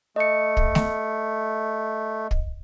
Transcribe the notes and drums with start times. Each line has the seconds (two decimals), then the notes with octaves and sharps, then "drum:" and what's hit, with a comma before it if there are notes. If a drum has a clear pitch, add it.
0.16 A3 D#5 C#7
0.57 drum: kick
0.75 drum: snare A3
2.31 drum: kick